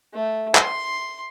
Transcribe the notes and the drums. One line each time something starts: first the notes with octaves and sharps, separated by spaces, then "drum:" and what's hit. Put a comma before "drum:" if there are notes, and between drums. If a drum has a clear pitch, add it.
A3
C6, drum: clap